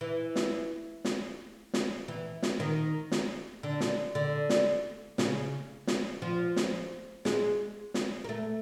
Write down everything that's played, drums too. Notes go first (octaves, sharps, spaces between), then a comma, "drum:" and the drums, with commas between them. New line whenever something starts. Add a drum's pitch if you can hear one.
E3
drum: snare
drum: snare
drum: snare
E3
drum: snare
D#3
drum: snare
D3
drum: snare
D3
drum: snare
C#3, drum: snare
drum: snare
F3
drum: snare
G#3, drum: snare
drum: snare
A#3
A3